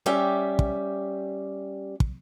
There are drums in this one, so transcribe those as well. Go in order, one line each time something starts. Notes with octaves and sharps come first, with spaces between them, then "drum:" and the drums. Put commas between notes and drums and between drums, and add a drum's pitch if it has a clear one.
G3 C#4 G4 E5 G5
drum: kick
drum: kick